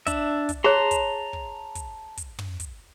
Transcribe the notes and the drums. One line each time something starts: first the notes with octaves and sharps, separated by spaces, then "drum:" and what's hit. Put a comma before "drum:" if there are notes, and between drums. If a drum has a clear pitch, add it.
D4 E5, drum: kick, hi-hat
drum: kick, hi-hat
G#4 C#5 A5 A#5 C6
drum: kick, hi-hat
drum: kick
drum: kick, hi-hat
drum: kick, hi-hat
drum: tom
drum: kick, hi-hat